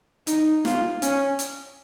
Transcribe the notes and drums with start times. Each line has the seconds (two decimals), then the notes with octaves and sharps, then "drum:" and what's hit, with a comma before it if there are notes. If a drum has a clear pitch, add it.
0.27 D#4, drum: hi-hat
0.65 F4, drum: snare
1.02 C#4, drum: hi-hat
1.39 drum: hi-hat